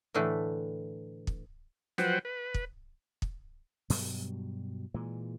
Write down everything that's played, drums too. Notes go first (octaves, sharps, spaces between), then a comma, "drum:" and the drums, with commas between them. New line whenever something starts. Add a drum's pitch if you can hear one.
A2 D3 E3 A3
drum: kick
F3 F#3 B4 C5 F#5 G5, drum: snare
B4
drum: kick
drum: kick
G2 B2 F#3 G3, drum: open hi-hat
A#2 E3 G#3